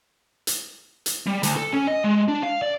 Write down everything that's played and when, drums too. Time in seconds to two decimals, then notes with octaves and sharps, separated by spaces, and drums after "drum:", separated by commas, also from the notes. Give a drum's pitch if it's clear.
0.47 drum: hi-hat
1.06 drum: hi-hat
1.27 G3
1.43 D2, drum: hi-hat
1.56 A4
1.73 C#4
1.87 D#5
2.04 G#3
2.28 D4
2.43 F5
2.62 D5